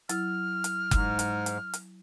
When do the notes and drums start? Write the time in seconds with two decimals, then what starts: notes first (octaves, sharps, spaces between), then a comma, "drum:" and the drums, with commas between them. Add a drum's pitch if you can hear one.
0.09 F#3 E4 F6, drum: hi-hat
0.64 drum: hi-hat
0.91 G#2, drum: kick F#1, hi-hat
1.19 drum: hi-hat
1.46 drum: hi-hat
1.74 drum: hi-hat